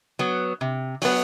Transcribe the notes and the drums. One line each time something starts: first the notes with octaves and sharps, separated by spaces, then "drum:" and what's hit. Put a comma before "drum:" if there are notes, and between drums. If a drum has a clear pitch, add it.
F#3 B3
C3
F#3 B3, drum: open hi-hat